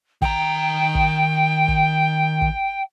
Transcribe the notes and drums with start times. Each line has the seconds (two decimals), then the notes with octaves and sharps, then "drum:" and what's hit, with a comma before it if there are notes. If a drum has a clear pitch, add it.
0.22 D#3 G5 A#5, drum: kick
0.95 drum: kick
1.68 drum: kick
2.41 drum: kick